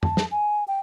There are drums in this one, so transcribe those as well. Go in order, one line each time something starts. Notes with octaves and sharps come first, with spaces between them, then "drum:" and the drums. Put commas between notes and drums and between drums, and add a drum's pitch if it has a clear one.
A5, drum: tom F2
drum: snare
G#5
G5